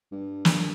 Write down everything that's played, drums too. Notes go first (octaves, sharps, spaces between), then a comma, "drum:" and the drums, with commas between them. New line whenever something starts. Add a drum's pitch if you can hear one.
G2
drum: snare